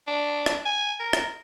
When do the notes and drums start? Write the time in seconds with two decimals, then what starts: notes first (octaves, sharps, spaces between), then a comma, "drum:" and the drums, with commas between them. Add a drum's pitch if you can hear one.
0.07 D4
0.46 drum: rim click
0.66 G#5
1.00 A#4
1.13 drum: rim click